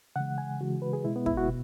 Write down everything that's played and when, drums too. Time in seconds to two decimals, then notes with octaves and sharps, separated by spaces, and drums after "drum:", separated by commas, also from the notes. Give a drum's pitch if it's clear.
0.16 C#3 E3 G#3 F#5
0.38 G#5
0.60 C#3 E3 G#3 F#4
0.82 B4
0.93 G#4
1.04 B2 G#3 E4
1.16 B3
1.26 E4, drum: kick
1.37 F#4
1.48 B2